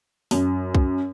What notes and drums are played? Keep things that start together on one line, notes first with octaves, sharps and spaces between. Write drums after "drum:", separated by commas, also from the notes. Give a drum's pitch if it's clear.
F#2, drum: open hi-hat
drum: kick B1